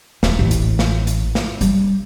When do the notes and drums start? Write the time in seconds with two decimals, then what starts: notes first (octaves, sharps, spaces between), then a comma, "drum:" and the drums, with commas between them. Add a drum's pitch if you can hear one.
0.23 D#1, drum: snare
0.39 A1
0.51 drum: hi-hat
0.79 drum: snare
1.07 drum: hi-hat
1.35 drum: snare
1.61 G3, drum: hi-hat